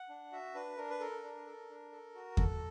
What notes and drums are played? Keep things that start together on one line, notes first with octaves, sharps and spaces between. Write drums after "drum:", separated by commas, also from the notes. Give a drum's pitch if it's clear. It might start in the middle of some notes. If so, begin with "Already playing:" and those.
Already playing: F#5
D4
F#4 E5
D4 B4
D4 A#4
B4
A4 A#4
D4
A4
D4
A4
F#4
A4, drum: kick E2